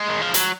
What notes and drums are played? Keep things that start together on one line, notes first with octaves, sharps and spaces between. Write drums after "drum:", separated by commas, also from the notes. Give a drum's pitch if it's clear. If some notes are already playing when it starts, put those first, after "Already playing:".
Already playing: G#3
D#3
F3
F#3, drum: hi-hat